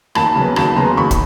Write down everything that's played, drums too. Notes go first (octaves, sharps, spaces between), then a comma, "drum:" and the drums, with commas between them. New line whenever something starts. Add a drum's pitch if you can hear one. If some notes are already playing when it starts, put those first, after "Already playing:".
D#2 A5 B5, drum: rim click
C#3 F#3 B3
D#2 A5 B5, drum: rim click
C#3 F#3 B3 A#5 C6
D#2 B5 C#6
drum: kick, hi-hat